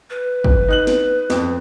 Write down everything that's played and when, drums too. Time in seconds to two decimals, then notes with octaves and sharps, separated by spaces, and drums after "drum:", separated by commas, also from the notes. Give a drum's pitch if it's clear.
0.10 B4
0.44 drum: kick
0.68 D#4 F#6 F#7
0.87 drum: snare
1.30 F2, drum: snare